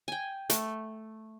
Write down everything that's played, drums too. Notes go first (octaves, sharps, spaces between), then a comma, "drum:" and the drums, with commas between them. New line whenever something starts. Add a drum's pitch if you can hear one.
G5 G#5
A3, drum: hi-hat